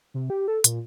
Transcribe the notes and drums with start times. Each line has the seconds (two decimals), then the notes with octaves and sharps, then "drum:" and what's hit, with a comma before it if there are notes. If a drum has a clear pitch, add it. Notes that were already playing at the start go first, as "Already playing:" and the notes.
0.14 C3
0.30 G4
0.48 A4
0.64 A#2, drum: hi-hat